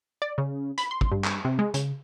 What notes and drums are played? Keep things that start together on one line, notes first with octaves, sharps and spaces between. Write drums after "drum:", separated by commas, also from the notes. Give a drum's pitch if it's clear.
D5
C#3
B5, drum: hi-hat
C6
drum: kick
G2
drum: clap
C3
G#3
C#3, drum: hi-hat